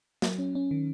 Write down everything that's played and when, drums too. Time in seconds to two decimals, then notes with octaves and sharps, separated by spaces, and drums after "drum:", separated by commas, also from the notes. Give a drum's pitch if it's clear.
0.22 F#3, drum: snare
0.39 C#4
0.55 C#4
0.71 D#3